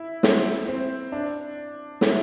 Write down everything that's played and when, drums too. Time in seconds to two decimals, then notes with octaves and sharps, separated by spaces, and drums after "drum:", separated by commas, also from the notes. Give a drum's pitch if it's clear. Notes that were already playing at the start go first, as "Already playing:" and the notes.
Already playing: E4
0.23 C4, drum: snare
0.68 C4
1.12 D4
2.01 E4, drum: snare